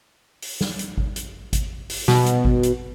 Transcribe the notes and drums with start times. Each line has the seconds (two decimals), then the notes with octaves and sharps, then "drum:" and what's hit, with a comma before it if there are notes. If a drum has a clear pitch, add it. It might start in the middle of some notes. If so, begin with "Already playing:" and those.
0.42 drum: open hi-hat
0.61 drum: snare
0.79 drum: hi-hat
0.98 drum: kick G#1
1.16 drum: hi-hat
1.53 drum: kick G#1, hi-hat
1.90 drum: open hi-hat
2.08 B2, drum: snare
2.26 drum: hi-hat
2.45 drum: kick G#1
2.63 drum: hi-hat